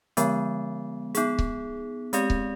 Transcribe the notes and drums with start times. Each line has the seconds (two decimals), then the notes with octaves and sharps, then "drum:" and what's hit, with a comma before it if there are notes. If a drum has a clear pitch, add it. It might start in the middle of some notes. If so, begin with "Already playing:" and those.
0.17 D3 F3 G#3 B3, drum: hi-hat
1.15 B3 D#4 G#4, drum: hi-hat
1.39 drum: kick C#1
2.13 G#3 C4 G4 D5, drum: hi-hat
2.30 drum: kick C#1